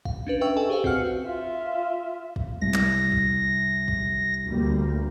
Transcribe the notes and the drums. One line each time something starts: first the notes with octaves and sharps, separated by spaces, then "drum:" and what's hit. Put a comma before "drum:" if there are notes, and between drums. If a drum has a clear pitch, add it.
F5, drum: kick
C#4 D4 B4
B4 E5 G5 C#6 E6
A4 B4 D#5 G5 G#5
G4 G#4 B4 C5 F5
C4 F#4 F#5 F6 C#7, drum: kick
F4 E5
drum: kick
C2 A#6
drum: clap
drum: kick
drum: kick
D2 G3 A#3